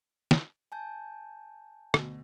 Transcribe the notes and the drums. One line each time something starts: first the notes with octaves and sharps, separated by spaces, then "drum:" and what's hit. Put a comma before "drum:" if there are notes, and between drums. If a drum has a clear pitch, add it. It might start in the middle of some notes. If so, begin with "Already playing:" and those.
drum: snare
G#5 A5 G6
D2 B2, drum: rim click